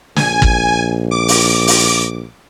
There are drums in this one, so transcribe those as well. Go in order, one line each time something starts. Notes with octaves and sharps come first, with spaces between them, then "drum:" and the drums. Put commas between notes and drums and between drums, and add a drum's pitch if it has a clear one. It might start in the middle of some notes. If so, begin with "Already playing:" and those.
A#1 G#5, drum: snare
drum: kick
D6
drum: open hi-hat
drum: open hi-hat